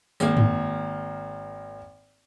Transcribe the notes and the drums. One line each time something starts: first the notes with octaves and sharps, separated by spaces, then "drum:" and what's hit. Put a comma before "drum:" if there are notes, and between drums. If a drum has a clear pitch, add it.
G#1 A#3, drum: tambourine
drum: tom F#2